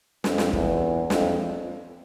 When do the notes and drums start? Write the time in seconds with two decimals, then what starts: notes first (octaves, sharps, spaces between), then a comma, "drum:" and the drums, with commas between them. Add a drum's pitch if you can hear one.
0.24 F2, drum: snare
0.38 drum: snare
0.53 E2, drum: kick
1.10 F2, drum: snare